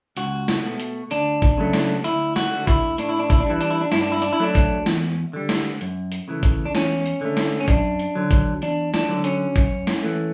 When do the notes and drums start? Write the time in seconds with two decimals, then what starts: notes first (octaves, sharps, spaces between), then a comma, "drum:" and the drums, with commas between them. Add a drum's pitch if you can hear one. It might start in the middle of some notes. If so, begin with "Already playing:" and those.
0.17 C#2 F#4, drum: hi-hat
0.48 drum: snare
0.64 B2 A3
0.80 drum: hi-hat
1.11 D2 D4, drum: hi-hat
1.42 drum: kick G#1, hi-hat
1.58 C#3 F#3 A3
1.73 drum: snare
2.04 D2 E4, drum: hi-hat
2.36 F#4, drum: snare
2.51 D3 A3
2.67 E4, drum: kick G#1, hi-hat
2.98 A2 D4, drum: hi-hat
3.09 E4
3.19 D4
3.30 E4, drum: kick G#1, hi-hat
3.40 D4
3.46 E3 G3 E4
3.61 D4, drum: hi-hat
3.70 E4
3.81 D4
3.92 G2 E4, drum: snare
4.01 D4
4.12 E4
4.22 D4, drum: hi-hat
4.33 E4
4.39 F#3 A3 D4
4.55 drum: kick G#1, hi-hat
4.86 E2, drum: snare
5.33 D3 G3
5.49 drum: snare
5.81 F#2, drum: hi-hat
6.12 drum: hi-hat
6.28 C#3 E3 A3
6.43 drum: kick G#1, hi-hat
6.65 D4
6.75 E2 C#4, drum: snare
7.06 drum: hi-hat
7.21 D3 A3
7.37 drum: snare
7.60 C#4
7.68 F#2 D4, drum: kick G#1, hi-hat
7.99 drum: hi-hat
8.15 D3 F#3
8.31 drum: kick G#1, hi-hat
8.62 E2 D4, drum: hi-hat
8.94 D4, drum: snare
9.09 D3 F#3
9.24 C#4, drum: hi-hat
9.56 F#2, drum: kick G#1, hi-hat
9.87 drum: snare
10.03 E3 A3